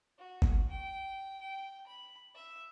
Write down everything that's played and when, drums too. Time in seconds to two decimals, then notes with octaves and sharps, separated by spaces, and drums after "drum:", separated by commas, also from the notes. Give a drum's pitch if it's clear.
0.18 F#4
0.42 drum: kick G1
0.69 G5
1.41 G5
1.87 B5
2.35 E5